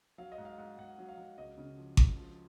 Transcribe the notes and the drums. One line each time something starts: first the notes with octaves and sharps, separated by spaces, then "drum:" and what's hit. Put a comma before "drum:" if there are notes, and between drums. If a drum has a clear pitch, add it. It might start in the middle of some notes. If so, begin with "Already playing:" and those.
F#3 F5
D#5
G#2
F5
G#2
G#2 F#5
F#3
F5
F#3
C#2 D#5
C#3
F3
C#2, drum: kick G#1
F3